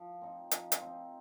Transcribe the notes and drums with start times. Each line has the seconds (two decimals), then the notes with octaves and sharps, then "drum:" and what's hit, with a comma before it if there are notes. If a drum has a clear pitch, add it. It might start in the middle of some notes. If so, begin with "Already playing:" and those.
Already playing: F3
0.21 C4 D#4
0.51 F3, drum: hi-hat
0.72 drum: hi-hat
0.81 C4
0.86 D#4